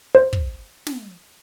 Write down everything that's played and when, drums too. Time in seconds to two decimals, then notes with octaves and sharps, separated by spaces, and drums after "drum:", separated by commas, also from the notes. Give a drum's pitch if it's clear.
0.15 C5
0.33 drum: kick
0.87 drum: snare